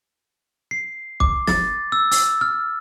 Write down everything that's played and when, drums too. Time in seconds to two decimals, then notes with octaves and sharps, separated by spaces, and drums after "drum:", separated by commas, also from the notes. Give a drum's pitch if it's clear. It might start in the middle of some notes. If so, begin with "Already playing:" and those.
0.71 C7
1.20 D6, drum: kick
1.47 A6, drum: snare
1.92 E6
2.12 E6, drum: open hi-hat
2.41 F6